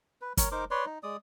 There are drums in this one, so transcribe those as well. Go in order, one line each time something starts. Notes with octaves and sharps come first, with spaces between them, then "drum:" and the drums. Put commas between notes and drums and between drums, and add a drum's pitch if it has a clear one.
B4
A#4 C#5, drum: kick, hi-hat
D#4 A#4 C5 D6
B4 C#5 D5 C6
D#4
G#3 D5 D#6